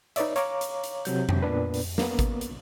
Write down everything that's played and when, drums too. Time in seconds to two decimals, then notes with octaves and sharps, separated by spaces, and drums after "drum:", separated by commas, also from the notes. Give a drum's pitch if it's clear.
0.16 D#4 B4 C#5 D5 E5, drum: hi-hat
0.36 C#5 F5 A#5 C#6 D6, drum: hi-hat
0.61 drum: hi-hat
0.84 drum: hi-hat
1.05 C3 F#3 G6, drum: hi-hat
1.29 drum: tom F2
1.42 A#2 B3 D4 B4
1.74 drum: open hi-hat
1.98 A#3 B3, drum: snare
2.19 drum: kick G#1, hi-hat
2.41 drum: hi-hat